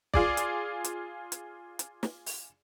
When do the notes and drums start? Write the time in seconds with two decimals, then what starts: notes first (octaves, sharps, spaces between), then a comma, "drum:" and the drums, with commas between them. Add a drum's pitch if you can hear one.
0.14 F4 G#4 D5, drum: kick
0.37 drum: hi-hat
0.84 drum: hi-hat
1.32 drum: hi-hat
1.79 drum: hi-hat
2.03 drum: snare
2.26 drum: open hi-hat